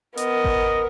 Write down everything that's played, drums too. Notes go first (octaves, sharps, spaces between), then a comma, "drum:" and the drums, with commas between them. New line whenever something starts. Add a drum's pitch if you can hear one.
B3 A#4 D#5, drum: hi-hat
drum: kick G#1